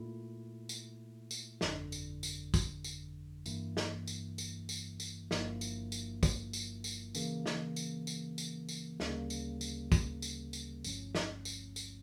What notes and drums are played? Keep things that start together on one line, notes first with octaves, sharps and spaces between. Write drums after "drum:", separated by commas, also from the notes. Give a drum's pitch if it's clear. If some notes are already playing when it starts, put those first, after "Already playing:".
Already playing: A#2 A3 E4
drum: tambourine
drum: tambourine
G1 F2 D3, drum: snare
drum: tambourine
drum: tambourine
drum: kick, tambourine
drum: tambourine
A1 G2 E3 A#3 E4, drum: tambourine
drum: snare
drum: tambourine
drum: tambourine
drum: tambourine
drum: tambourine
G1 G2 F3 A#3 E4, drum: snare
drum: tambourine
drum: tambourine
drum: kick, tambourine
drum: tambourine
drum: tambourine
C#3 E3 A#3, drum: tambourine
drum: snare
drum: tambourine
drum: tambourine
drum: tambourine
drum: tambourine
D2 C#3 G3 A#3, drum: snare
drum: tambourine
drum: tambourine
drum: kick, tambourine
drum: tambourine
drum: tambourine
G1 G2 F3 A3 C#4, drum: tambourine
drum: snare
drum: tambourine
drum: tambourine